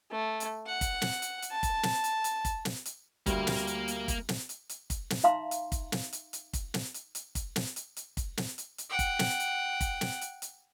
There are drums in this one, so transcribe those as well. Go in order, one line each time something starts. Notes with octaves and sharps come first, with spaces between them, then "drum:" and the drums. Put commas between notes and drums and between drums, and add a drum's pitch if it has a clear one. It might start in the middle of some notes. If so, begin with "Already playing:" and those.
A3
drum: hi-hat
F#5
drum: kick, hi-hat
drum: snare
drum: hi-hat
drum: hi-hat
A5
drum: kick, hi-hat
drum: snare
drum: hi-hat
drum: hi-hat
drum: kick, hi-hat
drum: snare
drum: hi-hat
D2 G3 A#3 A#4, drum: kick, hi-hat
drum: snare
drum: hi-hat
drum: hi-hat
drum: kick, hi-hat
drum: snare
drum: hi-hat
drum: hi-hat
drum: kick, hi-hat
drum: snare
D#4 E5 F5 A#5 C6
drum: hi-hat
drum: kick, hi-hat
drum: snare
drum: hi-hat
drum: hi-hat
drum: kick, hi-hat
drum: snare
drum: hi-hat
drum: hi-hat
drum: kick, hi-hat
drum: snare
drum: hi-hat
drum: hi-hat
drum: kick, hi-hat
drum: snare
drum: hi-hat
drum: hi-hat
F#5 G5
drum: kick, hi-hat
drum: snare
drum: hi-hat
drum: kick, hi-hat
drum: snare
drum: hi-hat
drum: hi-hat